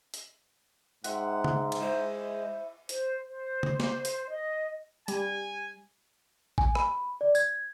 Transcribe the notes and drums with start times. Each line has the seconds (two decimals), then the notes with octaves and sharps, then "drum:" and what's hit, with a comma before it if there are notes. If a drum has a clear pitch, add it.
0.14 drum: hi-hat
1.04 G#2 E5 F#5 G5 C6, drum: hi-hat
1.44 drum: tom C#3
1.72 drum: cymbal
1.81 G#3 E4 C5 C#6
2.89 C5, drum: hi-hat
3.28 C5
3.63 drum: tom C#3
3.80 drum: snare
4.05 drum: hi-hat
4.29 D#5
5.08 G3 G#5, drum: hi-hat
6.58 G#5, drum: kick A1
6.75 B5, drum: rim click
7.21 D5
7.35 G#6, drum: tambourine